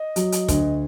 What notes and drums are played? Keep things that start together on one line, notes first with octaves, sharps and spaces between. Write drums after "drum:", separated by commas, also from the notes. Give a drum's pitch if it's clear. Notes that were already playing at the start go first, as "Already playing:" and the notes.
Already playing: D#5
F#3, drum: hi-hat
drum: hi-hat
D2, drum: kick, hi-hat